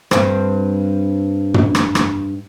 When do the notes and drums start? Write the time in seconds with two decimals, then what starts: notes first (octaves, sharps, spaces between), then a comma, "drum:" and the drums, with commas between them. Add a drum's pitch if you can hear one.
0.11 G2 C4, drum: rim click
1.54 drum: tom
1.75 drum: rim click
1.95 drum: rim click